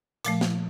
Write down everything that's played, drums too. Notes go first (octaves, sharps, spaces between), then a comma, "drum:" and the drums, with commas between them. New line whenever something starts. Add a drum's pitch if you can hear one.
A#2 F3 A3, drum: hi-hat
drum: snare